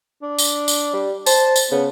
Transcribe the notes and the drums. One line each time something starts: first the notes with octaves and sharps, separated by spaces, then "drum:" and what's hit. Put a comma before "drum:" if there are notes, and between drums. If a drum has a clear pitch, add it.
D4
drum: tambourine
drum: tambourine
G3
C5 A5, drum: tambourine
drum: tambourine
C#3 B3